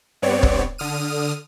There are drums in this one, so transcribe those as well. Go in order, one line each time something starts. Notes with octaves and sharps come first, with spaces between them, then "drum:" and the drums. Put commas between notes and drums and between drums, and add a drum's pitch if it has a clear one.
G2 B3 C4 C#5 D5
drum: kick
D3 D#6 F6 D#7